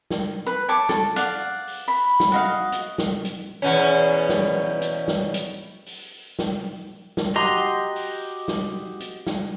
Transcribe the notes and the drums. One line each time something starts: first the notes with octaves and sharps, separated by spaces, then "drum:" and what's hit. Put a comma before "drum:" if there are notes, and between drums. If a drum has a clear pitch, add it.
drum: snare
B4
C#5 A5 D6
A4, drum: snare
D5 F5 F#5, drum: hi-hat
drum: open hi-hat
B5
drum: snare
F#4 D#5 F5
drum: hi-hat
drum: snare
drum: hi-hat
E2 B2 C#4
drum: open hi-hat
drum: snare
drum: hi-hat
drum: snare
drum: hi-hat
drum: open hi-hat
drum: snare
drum: snare
F#4 G4 D#5 A#5 C6
drum: open hi-hat
drum: snare
drum: hi-hat
drum: snare